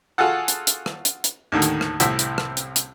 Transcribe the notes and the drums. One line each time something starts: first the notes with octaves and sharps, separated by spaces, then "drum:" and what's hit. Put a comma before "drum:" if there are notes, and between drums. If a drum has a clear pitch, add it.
F4 F#4 G#4 A4 F#5
drum: hi-hat
drum: hi-hat
drum: rim click
drum: hi-hat
drum: hi-hat
D#2 A2 D3 D#3
drum: hi-hat
drum: rim click
C2 A2 C4 E4 E5, drum: hi-hat
drum: hi-hat
drum: rim click
drum: hi-hat
drum: hi-hat